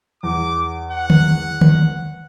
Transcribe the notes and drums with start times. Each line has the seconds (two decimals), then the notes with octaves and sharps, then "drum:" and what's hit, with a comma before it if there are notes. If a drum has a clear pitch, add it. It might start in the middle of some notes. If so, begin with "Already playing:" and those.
0.23 E2 D6
0.91 F#5
1.10 drum: tom D3
1.61 drum: tom D3